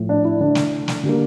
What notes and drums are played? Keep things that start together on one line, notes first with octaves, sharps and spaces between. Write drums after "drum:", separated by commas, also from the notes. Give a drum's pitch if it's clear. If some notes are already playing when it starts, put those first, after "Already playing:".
Already playing: A2 F3 A3
D4
E4
D3 A3 D4
drum: snare
drum: snare
D3 G3 A#3